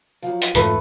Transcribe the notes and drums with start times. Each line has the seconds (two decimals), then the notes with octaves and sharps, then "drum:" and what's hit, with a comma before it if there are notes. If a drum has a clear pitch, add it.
0.22 F3 F#3
0.42 drum: hi-hat
0.55 F2 G#2 E3 A3 B4, drum: hi-hat